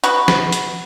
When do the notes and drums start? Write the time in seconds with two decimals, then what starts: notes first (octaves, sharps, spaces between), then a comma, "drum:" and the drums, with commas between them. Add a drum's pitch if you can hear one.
0.04 F#4 B4, drum: hi-hat
0.28 drum: snare
0.52 drum: hi-hat